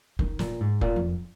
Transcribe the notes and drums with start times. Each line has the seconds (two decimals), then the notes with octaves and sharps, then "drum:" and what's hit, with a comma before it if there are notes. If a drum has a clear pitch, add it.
0.19 D#3, drum: kick F1
0.39 A#2, drum: snare
0.61 G#2
0.81 A#2, drum: kick F1
0.96 F2